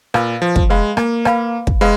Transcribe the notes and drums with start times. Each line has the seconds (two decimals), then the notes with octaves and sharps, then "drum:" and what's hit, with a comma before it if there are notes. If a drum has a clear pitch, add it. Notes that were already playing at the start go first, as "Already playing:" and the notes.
0.14 A#2 B4 F5 B5, drum: rim click
0.42 F3
0.56 drum: kick
0.69 G#3 B4 F5 B5
0.97 A#3, drum: rim click
1.25 B4 F5 B5, drum: rim click
1.67 drum: kick
1.81 G#3 B4 F5 B5